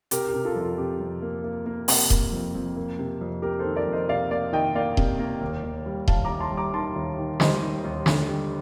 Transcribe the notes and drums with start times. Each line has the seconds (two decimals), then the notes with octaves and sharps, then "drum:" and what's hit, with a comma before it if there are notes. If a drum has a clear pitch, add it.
0.11 C3 G4 A#4, drum: hi-hat
0.28 G4
0.34 C3
0.45 F4 A4
0.56 F2
0.61 F4
0.78 C3 G4
1.00 F2
1.22 A#3
1.44 A#3
1.66 A#3
1.88 C3, drum: open hi-hat
2.10 A#3, drum: kick D#1
2.32 F2
2.54 F2
2.76 A#3
2.99 C3
3.21 F2
3.42 A#3 G4 A#4
3.59 A4 C5
3.65 D#3
3.76 A#4 D5
3.87 F2
3.93 C5 D#5
4.09 C3 D5 F5
4.31 A#3 D5 F5
4.53 D#3 D#5 G5
4.75 A#3 D5 F5
4.97 C3, drum: kick D#1
5.19 A#3
5.41 D#2
5.63 D#2
5.86 G3
6.08 D#2 F5 A5, drum: kick D#1
6.25 A#5 D6
6.30 D#2
6.40 A5 C6
6.51 G3
6.57 A#5 D6
6.74 D#3 A5 C6
6.96 D#2
7.18 D#3
7.40 G3 C5 D#5, drum: snare
7.62 D#3
7.84 D#2
8.06 D3, drum: snare
8.29 G3